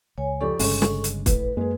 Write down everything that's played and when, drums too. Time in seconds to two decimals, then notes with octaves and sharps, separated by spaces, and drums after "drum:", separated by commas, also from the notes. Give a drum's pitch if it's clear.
0.18 C#2 C#5 G#5
0.41 F2 G4 A4 D5 C#6
0.59 G1 G2 C#3 G#3 C#4, drum: open hi-hat
0.82 drum: snare
1.04 drum: hi-hat
1.26 A2 B4, drum: kick, hi-hat
1.57 F#2 G#3 A#3 G#4